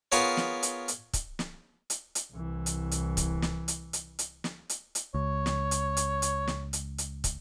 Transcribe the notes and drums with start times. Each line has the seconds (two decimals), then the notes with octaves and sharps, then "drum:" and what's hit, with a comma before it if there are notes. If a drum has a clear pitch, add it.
0.12 B3 F4 G#4 A#4 C#5, drum: hi-hat
0.37 drum: snare
0.63 drum: hi-hat
0.88 drum: hi-hat
1.13 drum: kick, hi-hat
1.39 drum: snare
1.90 drum: hi-hat
2.15 drum: hi-hat
2.33 C2 E3
2.66 drum: hi-hat
2.91 drum: hi-hat
3.17 drum: kick, hi-hat
3.42 drum: snare
3.68 drum: hi-hat
3.93 drum: hi-hat
4.19 drum: hi-hat
4.44 drum: snare
4.69 drum: hi-hat
4.95 drum: hi-hat
5.14 C#2 C#5
5.46 drum: snare
5.71 drum: hi-hat
5.97 drum: hi-hat
6.22 drum: hi-hat
6.47 drum: snare
6.73 drum: hi-hat
6.98 drum: hi-hat
7.24 drum: kick, hi-hat